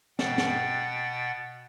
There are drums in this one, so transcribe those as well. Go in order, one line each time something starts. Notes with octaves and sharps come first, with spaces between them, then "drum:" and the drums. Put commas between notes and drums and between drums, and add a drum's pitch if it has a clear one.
B2 F#5 G5 A6, drum: snare
drum: snare